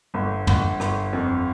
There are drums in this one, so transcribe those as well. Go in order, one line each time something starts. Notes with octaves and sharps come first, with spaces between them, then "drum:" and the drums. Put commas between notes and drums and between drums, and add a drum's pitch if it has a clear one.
G1
G1, drum: tom
G1, drum: rim click
F2